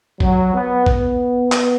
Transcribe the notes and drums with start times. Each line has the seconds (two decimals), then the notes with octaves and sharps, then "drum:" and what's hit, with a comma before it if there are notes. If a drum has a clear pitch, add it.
0.20 F#3, drum: kick A1
0.54 B3
0.86 B3, drum: kick A1
1.52 drum: clap